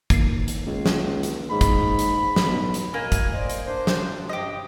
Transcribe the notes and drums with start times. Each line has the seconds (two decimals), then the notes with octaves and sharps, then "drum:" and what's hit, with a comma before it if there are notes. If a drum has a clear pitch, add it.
0.10 D#3 A#3 C7, drum: kick, hi-hat
0.48 drum: hi-hat
0.67 C#2
0.86 drum: snare
1.23 drum: hi-hat
1.51 G#2 B5
1.61 drum: kick, hi-hat
1.99 drum: hi-hat
2.36 drum: snare
2.46 B1
2.74 drum: hi-hat
2.94 B2 A#3 G#5
3.12 drum: kick, hi-hat
3.33 C5 D5 D#5
3.49 drum: hi-hat
3.67 D4 C5
3.87 drum: snare
4.29 G2 C3 G4 D#5